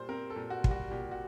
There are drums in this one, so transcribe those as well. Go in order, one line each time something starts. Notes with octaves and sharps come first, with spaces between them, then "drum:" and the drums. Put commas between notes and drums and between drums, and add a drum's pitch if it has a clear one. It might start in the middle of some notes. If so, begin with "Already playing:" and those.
Already playing: A#2 G3 C5
C4 A#4
A4
A#2
F#4
G3, drum: kick
F#4
A#2 G4
F#4